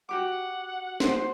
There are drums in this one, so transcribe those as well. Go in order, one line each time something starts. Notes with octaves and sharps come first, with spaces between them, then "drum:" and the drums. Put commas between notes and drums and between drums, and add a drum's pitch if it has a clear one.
F#4 G4 F#5 D6
C5, drum: snare